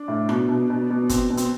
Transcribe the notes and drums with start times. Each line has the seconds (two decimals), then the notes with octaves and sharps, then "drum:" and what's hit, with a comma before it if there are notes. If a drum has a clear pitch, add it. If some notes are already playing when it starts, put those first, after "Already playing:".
Already playing: D4
0.08 A2
0.29 B2, drum: rim click
0.49 B2
0.70 B2
0.90 B2
1.09 B2 C4, drum: kick F#1, hi-hat
1.30 B2
1.37 C4, drum: hi-hat